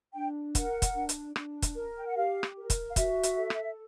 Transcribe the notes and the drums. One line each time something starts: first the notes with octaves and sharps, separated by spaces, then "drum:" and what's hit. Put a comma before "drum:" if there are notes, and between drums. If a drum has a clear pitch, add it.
D4 G5
A#4 F#5, drum: kick, hi-hat
drum: kick, hi-hat
D4
drum: hi-hat
D4, drum: rim click
drum: kick, hi-hat
A#4
G5
F#5
G4 F5
drum: rim click
A#4
drum: kick, hi-hat
F5
F#4 E5, drum: kick, hi-hat
drum: hi-hat
A4
drum: rim click